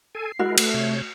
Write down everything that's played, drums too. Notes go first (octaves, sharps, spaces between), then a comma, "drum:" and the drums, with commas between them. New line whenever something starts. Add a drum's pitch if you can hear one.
A4 G#5 C7
G#3 E4 F#4 A#4
A3 B4, drum: cymbal
C3 C#5 G6